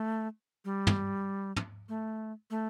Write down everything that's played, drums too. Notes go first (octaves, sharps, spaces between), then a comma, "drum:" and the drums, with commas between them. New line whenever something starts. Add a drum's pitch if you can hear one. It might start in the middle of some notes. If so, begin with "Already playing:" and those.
Already playing: A3
G3
drum: tom
drum: tom
A3
A3